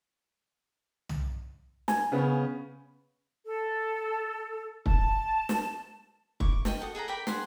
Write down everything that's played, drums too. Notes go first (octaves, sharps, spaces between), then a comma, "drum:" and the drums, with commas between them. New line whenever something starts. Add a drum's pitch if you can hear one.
drum: tom
G#5, drum: snare
C#3 B3 C#4
A4
A5, drum: kick
drum: snare
E4 C#6 D6, drum: kick
D#5 G5 C#6, drum: snare
F#4 A4 D#6
G#4 A4 F#5 A#5
A#4 D5 G5 B5
G#4 F#5 C6, drum: snare